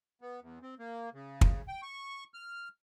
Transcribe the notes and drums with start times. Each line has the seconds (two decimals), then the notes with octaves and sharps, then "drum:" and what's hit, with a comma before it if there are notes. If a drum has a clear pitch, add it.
0.21 B3
0.41 E2
0.62 C4
0.79 A#3
1.13 C#3
1.41 drum: kick
1.68 G5
1.82 C#6
2.34 F6